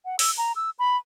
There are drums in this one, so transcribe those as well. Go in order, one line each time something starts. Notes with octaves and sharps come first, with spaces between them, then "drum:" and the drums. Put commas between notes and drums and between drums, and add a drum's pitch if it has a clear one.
F#5
E6, drum: open hi-hat
A#5
E6
B5